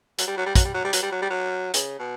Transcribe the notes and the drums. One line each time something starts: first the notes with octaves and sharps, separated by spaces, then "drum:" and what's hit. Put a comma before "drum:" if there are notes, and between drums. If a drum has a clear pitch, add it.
F#3, drum: hi-hat
G3
F#3
G3
F#3, drum: kick, hi-hat
G3
F#3
G3
F#3, drum: hi-hat
G3
F#3
G3
F#3
C#3, drum: hi-hat
B2